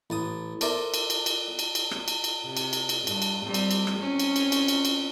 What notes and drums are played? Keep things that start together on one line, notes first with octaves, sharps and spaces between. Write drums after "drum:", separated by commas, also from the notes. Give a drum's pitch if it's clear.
A1 A5 D#6
A4 A#4 C5 D5 E5, drum: cymbal
drum: cymbal
drum: cymbal
drum: cymbal
drum: cymbal
drum: cymbal
drum: rim click
drum: cymbal
drum: cymbal
C3
drum: cymbal
drum: cymbal
drum: cymbal
G2, drum: cymbal
drum: cymbal
G3 C4
drum: cymbal
drum: cymbal
drum: rim click
C4 C#4
drum: cymbal
drum: cymbal
drum: cymbal
drum: cymbal
drum: cymbal